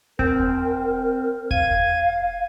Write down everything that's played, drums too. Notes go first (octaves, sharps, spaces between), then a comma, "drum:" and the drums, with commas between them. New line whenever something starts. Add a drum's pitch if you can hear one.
C4 A#4, drum: kick E1
F5 G#6 D#7, drum: kick E1